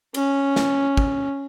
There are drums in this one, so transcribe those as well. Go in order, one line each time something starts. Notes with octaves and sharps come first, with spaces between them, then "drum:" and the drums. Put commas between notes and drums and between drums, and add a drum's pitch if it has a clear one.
C#4, drum: cymbal
drum: snare
drum: kick